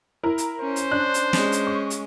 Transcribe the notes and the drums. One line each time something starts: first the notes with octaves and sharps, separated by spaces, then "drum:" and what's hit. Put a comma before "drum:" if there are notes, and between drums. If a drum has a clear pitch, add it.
E4 A#4
drum: hi-hat
C#4 C5
drum: hi-hat
D4 F#6
drum: hi-hat
G#3 C#4, drum: snare
drum: hi-hat
C#6
drum: hi-hat